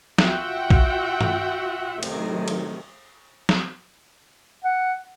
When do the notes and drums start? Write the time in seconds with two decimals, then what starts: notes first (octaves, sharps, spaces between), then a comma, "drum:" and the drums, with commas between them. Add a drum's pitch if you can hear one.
0.18 F4 F#4 E5 F#5 G5, drum: snare
0.70 drum: kick A#1
1.21 drum: tom G2
2.03 A1 C3 D#3 F#3, drum: cymbal
2.48 drum: cymbal
3.49 drum: snare
4.64 F#5